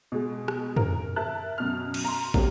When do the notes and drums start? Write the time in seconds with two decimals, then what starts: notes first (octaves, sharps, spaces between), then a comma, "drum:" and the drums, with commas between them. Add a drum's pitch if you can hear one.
0.12 B2 G#3
0.48 drum: rim click
0.76 A#4, drum: tom
1.16 A#4 E5 A5 F#6
1.58 F#2 B2 F6
1.94 drum: cymbal
2.04 A#5 C6
2.34 F#3 G3 A#3 C4 G4, drum: kick